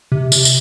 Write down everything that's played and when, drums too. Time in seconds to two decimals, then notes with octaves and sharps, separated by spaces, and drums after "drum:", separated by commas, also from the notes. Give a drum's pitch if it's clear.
0.12 C3
0.32 C3, drum: tambourine
0.45 drum: tambourine